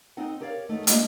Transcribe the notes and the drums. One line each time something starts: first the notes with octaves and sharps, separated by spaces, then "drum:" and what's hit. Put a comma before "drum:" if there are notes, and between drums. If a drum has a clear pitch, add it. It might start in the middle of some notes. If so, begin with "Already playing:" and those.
C4 D#4 D#5 F#5
G4 A#4 C#5 D5 F5
E2 D#3 A3 D#4
G#3 A#3 B3 D4 E4 F#4, drum: hi-hat